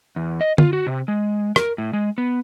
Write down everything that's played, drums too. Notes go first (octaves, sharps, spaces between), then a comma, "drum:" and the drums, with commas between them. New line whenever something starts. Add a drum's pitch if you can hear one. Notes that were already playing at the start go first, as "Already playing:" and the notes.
E2
D#5
F4, drum: tom
F#4
C3
G#3
A#4, drum: rim click
A2
G#3
B3